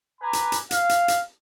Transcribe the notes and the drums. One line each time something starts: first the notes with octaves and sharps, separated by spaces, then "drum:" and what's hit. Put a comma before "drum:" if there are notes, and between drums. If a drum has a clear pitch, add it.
B4 G#5 A#5 B5 D6
drum: hi-hat
drum: hi-hat
F5, drum: hi-hat
drum: hi-hat
drum: hi-hat